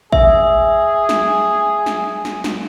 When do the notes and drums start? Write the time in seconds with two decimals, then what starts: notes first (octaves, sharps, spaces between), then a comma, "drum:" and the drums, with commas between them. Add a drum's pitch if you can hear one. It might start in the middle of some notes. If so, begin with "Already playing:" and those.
0.12 G#4 E5, drum: kick A1
1.09 drum: snare
1.86 drum: snare
2.25 drum: snare
2.44 drum: snare